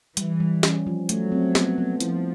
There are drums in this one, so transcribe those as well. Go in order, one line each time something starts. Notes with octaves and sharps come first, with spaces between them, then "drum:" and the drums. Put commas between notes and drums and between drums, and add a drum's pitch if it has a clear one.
E3 G3, drum: hi-hat
G3
C#4, drum: snare
F3
F#3 A3, drum: hi-hat
C4
B3, drum: snare
B3
F3 E4, drum: hi-hat